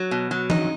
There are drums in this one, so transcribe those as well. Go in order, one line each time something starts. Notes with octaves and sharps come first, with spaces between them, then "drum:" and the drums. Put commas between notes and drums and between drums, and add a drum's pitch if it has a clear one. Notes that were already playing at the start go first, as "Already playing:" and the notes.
Already playing: F#3
B2
F#3
D#4, drum: tom E3